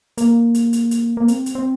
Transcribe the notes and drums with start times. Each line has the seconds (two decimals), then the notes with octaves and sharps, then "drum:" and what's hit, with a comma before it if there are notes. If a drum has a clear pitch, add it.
0.18 A#3, drum: hi-hat
0.54 drum: hi-hat
0.73 drum: hi-hat
0.91 drum: hi-hat
1.17 A#3
1.28 C4, drum: hi-hat
1.46 drum: hi-hat
1.55 C4